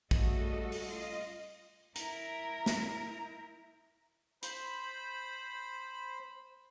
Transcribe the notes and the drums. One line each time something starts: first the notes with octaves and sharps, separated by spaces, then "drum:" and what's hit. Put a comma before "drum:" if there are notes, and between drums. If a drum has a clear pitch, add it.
C#3 G3 A3 F#4 A4 D#5, drum: kick
drum: open hi-hat
F4 D#5
E4 A#4 A#5, drum: hi-hat
drum: snare
C5 B5, drum: hi-hat